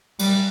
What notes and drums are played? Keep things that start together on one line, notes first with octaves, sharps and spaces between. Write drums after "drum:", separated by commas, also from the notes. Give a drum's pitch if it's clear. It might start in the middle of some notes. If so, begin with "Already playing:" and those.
G3, drum: cymbal